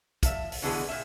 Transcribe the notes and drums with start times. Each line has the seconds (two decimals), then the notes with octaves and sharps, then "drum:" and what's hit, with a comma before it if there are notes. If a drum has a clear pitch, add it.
0.23 F3 E5, drum: kick, hi-hat
0.52 drum: open hi-hat
0.62 B2 D3 E3 G#3 B3 G#4
0.89 A#2 E5